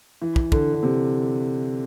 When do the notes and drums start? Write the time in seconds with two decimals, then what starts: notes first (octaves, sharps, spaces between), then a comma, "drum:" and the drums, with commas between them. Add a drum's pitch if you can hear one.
0.22 E3
0.36 drum: kick
0.52 D3, drum: kick
0.73 D3
0.83 C3